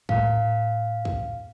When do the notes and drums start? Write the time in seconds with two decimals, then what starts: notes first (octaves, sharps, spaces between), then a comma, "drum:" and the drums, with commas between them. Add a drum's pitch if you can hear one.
0.09 A2 B3 F5, drum: kick
1.05 drum: kick